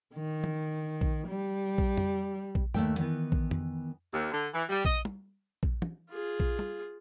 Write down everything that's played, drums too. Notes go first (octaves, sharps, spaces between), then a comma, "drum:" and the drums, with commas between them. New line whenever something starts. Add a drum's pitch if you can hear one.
D#3
drum: tom
drum: kick A#1
G3
drum: kick A#1
drum: tom F2
drum: kick A#1
D#2 A#2 A3 B4 G5, drum: tom G2
D#3 E3 B3
drum: kick A#1
drum: tom F2
D#2
D3
E3
G3
D#5, drum: kick A#1
drum: tom
drum: kick A#1
drum: tom
F4 G#4
drum: kick A#1
drum: tom